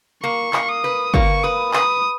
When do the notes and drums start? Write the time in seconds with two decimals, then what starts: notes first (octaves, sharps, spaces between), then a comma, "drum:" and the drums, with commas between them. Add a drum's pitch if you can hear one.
0.23 A#3 C#6
0.53 A#3, drum: clap
0.69 D#6
0.84 B4
1.14 A#3 C#6, drum: kick
1.43 B4 D#6
1.73 B4 D#6, drum: clap